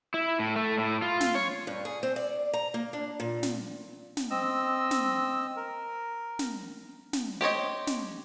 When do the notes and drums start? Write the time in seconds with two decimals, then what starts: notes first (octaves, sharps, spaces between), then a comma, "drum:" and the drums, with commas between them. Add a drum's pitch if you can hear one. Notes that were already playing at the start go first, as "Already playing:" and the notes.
0.14 E4
0.40 A2
0.56 A3
0.78 A2
1.02 F4
1.21 drum: snare
1.35 C#5
1.67 G2
1.85 G#4
2.03 C4
2.16 D5
2.53 A#5
2.74 A#3
2.93 D4
3.20 A#2
3.43 drum: snare
4.17 drum: snare
4.31 C4 D#5 E6
4.91 drum: snare
5.56 A#4
6.39 drum: snare
7.13 drum: snare
7.41 G4 C5 C#5 D#5
7.87 drum: snare